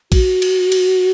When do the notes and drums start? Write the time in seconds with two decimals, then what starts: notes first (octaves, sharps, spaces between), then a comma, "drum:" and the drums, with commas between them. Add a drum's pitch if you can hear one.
0.12 F#4, drum: kick A#1, cymbal
0.42 drum: cymbal
0.72 drum: cymbal